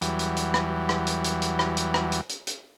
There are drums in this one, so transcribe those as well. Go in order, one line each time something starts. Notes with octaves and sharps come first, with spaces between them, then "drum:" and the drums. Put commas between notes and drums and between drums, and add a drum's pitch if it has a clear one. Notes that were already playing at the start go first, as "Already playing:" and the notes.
E2 E3 F#3 G3, drum: hi-hat
drum: hi-hat
drum: hi-hat
drum: rim click
drum: rim click
drum: hi-hat
drum: hi-hat
drum: hi-hat
drum: rim click
drum: hi-hat
drum: rim click
drum: hi-hat
drum: hi-hat
drum: hi-hat